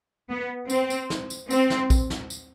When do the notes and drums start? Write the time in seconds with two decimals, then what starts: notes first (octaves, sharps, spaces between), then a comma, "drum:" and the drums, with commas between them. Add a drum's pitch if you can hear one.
0.30 B3
0.70 C4, drum: tambourine
0.90 drum: tambourine
1.10 drum: snare
1.30 drum: tambourine
1.50 C4, drum: tambourine
1.70 drum: snare
1.90 drum: kick A#1, tambourine
2.10 drum: snare
2.30 drum: tambourine